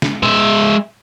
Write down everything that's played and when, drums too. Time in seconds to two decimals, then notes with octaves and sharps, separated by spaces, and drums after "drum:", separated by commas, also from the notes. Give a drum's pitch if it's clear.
0.02 drum: snare
0.23 G#3 E5, drum: tom A#2